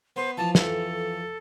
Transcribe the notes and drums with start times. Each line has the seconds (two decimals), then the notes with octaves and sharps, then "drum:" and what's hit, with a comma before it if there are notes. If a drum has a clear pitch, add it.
0.16 B3 B4 C5
0.38 E3 F3 A5
0.55 F2 E3 A4, drum: snare